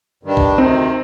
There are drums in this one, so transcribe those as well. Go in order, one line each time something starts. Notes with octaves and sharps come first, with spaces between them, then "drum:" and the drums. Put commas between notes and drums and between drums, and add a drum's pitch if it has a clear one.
G2 D#3 G3 D4
drum: kick B1
D2 C3 D#3 C4 D#4